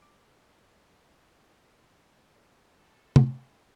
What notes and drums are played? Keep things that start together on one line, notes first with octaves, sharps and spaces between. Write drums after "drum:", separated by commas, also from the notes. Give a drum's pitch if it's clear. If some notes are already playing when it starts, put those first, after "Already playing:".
D6
A1 C4 E5
C#3 A#3 D4
A4
drum: tom